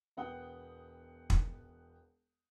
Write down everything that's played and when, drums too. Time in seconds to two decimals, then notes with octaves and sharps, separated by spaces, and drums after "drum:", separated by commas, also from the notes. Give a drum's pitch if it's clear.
0.17 E1 B3 F#5 G5 D#6 G7
1.30 drum: kick